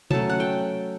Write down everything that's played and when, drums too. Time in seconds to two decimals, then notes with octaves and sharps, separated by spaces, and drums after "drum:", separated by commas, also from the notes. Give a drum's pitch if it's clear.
0.11 F#3 A3 C#4 A5, drum: tom B2
0.30 F#5
0.40 G5